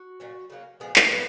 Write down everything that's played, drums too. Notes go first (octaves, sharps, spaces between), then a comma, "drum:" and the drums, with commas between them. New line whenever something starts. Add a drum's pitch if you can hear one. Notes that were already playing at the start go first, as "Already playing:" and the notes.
Already playing: F#4
A#2 F#3 C#4
C#3 F#3 A#3
A#2 F3 G#3 B3 G#4
A#4, drum: clap
A#2 F#3 B3 B4